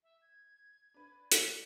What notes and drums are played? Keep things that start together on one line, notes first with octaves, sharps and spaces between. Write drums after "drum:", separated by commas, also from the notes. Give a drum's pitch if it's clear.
E5
G#6
D4 B4
D5 G#6 B6, drum: hi-hat